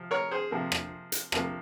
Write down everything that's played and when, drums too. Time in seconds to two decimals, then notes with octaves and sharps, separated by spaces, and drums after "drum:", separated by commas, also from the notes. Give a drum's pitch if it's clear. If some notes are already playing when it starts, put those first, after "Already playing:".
Already playing: C3 F3
0.11 A#4 C#5
0.31 G#4 C5
0.51 C3 F3 A#3
0.72 drum: rim click
1.12 drum: hi-hat
1.32 C3 F3 A#3, drum: rim click